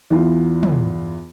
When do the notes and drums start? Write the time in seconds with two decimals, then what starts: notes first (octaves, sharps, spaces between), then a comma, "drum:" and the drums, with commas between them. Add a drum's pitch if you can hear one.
0.10 E2 E3 F4
0.63 drum: tom